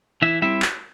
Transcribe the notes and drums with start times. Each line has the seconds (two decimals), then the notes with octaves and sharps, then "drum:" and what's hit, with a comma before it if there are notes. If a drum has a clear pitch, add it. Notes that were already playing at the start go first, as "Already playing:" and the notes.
0.22 E3 E4 E5
0.42 G3 C4 E4 E5
0.62 drum: clap